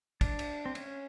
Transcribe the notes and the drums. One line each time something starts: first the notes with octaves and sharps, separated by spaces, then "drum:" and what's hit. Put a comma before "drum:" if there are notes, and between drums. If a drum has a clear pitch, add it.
D4, drum: kick, cymbal
drum: cymbal
C4
C#4, drum: cymbal